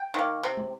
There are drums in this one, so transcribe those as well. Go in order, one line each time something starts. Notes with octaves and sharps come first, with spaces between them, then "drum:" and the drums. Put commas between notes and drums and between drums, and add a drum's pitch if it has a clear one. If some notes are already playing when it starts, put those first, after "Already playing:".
Already playing: G5
D#3 A#3
C3, drum: hi-hat
drum: tom